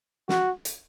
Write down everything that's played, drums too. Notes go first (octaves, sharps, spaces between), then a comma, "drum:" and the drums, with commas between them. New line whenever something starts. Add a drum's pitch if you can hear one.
F#4, drum: snare
drum: hi-hat